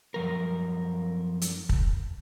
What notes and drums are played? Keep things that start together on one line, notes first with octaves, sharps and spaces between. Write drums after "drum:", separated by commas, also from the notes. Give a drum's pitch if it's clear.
F#2 F3 A#4
drum: hi-hat
drum: kick